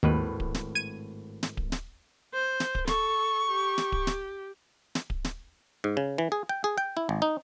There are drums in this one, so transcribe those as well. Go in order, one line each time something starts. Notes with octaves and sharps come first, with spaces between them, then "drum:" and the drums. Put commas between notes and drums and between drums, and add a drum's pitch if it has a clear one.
G#1 D#2 A2 B4
drum: kick D1
drum: snare
G#6 D#7
drum: snare
drum: kick D1
drum: snare
C5
drum: snare
drum: kick D1
A4 C#6, drum: snare
G4
drum: snare
drum: kick D1
drum: snare
drum: snare
drum: kick D1
drum: snare
G#2
C#3
E3
G#4
G5
G#4
G5
E4
G#1
D#4